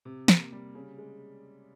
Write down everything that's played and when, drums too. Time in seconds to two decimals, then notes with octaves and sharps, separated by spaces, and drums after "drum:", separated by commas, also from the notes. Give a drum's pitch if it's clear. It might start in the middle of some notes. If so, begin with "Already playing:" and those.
0.05 C3
0.28 A#3, drum: snare
0.52 G3
0.75 C#3
0.98 G#3